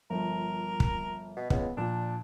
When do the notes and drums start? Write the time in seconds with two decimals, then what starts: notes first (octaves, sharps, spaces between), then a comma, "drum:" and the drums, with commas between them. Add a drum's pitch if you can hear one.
0.10 G1 F3 A#4
0.80 drum: kick
1.37 B2
1.50 C#2 B3, drum: kick
1.77 A#2 F3 D4